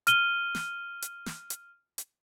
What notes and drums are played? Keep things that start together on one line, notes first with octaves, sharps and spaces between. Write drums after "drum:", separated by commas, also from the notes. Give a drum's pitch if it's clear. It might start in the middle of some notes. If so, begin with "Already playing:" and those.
F6 D#7 G7, drum: hi-hat
drum: snare
drum: hi-hat
drum: snare
drum: hi-hat
drum: hi-hat